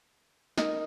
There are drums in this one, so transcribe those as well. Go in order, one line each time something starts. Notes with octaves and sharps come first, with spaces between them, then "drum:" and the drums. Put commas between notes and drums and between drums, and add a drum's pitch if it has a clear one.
D#4 A#4 D#5, drum: snare